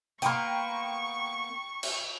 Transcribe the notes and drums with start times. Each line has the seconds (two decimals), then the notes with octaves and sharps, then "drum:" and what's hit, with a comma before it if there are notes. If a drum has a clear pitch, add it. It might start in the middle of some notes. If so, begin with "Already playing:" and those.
0.22 A#3 B3 G5 A#5 C6 C#6, drum: hi-hat
1.83 drum: cymbal